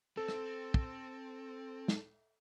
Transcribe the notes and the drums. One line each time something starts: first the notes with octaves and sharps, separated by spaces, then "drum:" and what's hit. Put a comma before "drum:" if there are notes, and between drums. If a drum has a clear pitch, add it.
C4 A4
drum: rim click
drum: kick
drum: snare